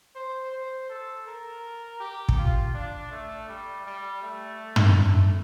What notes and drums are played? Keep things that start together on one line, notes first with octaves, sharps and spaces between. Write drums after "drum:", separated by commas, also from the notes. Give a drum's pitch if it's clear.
C5
C5
A4
A#4
G4
drum: kick
F4
D4
A3
G3
G3
A3
drum: tom
A3